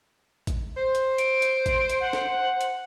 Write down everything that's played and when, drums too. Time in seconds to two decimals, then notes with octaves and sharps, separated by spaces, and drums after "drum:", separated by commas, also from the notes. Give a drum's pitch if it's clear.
0.47 drum: kick, hi-hat
0.77 C5
0.95 drum: hi-hat
1.18 D7, drum: hi-hat
1.42 drum: hi-hat
1.66 drum: kick, hi-hat
1.90 drum: hi-hat
2.00 F#5
2.13 drum: snare
2.61 drum: hi-hat